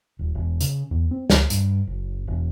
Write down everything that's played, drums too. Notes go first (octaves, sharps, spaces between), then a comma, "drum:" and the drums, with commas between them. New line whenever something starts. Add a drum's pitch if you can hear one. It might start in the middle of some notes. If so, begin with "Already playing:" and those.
D#1
E1
C#3, drum: hi-hat
E2
C4
C#2, drum: snare
G2, drum: hi-hat
F#1
E1